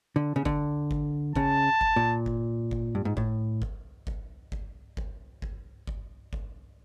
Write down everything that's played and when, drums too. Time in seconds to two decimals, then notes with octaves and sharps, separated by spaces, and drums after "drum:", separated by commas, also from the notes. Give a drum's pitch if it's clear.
0.16 D3
0.36 C#3
0.45 D3, drum: kick G1
0.91 drum: kick G1
1.36 C#3 A5, drum: kick G1
1.81 drum: kick G1
1.96 A#2
2.26 drum: kick G1
2.71 drum: kick G1
2.95 G2
3.05 G#2
3.17 A2, drum: kick G1
3.62 drum: kick G1
4.07 drum: kick G1
4.52 drum: kick G1
4.97 drum: kick G1
5.42 drum: kick G1
5.87 drum: kick G1
6.33 drum: kick G1